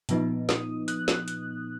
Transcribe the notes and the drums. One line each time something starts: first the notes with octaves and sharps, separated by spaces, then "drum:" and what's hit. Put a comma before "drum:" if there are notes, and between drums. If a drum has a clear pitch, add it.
A#2 F3 B3 D#4, drum: hi-hat
D#6, drum: snare
F#6, drum: hi-hat
drum: snare
drum: hi-hat